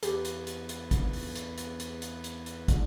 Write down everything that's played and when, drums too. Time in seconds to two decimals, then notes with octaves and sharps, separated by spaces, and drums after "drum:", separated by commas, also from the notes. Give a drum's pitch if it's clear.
0.03 E2 B3 G4, drum: hi-hat
0.25 drum: hi-hat
0.47 drum: hi-hat
0.69 drum: hi-hat
0.91 drum: kick, hi-hat
1.13 drum: open hi-hat
1.35 drum: hi-hat
1.58 drum: hi-hat
1.80 drum: hi-hat
2.02 drum: hi-hat
2.24 drum: hi-hat
2.46 drum: hi-hat
2.68 drum: kick, hi-hat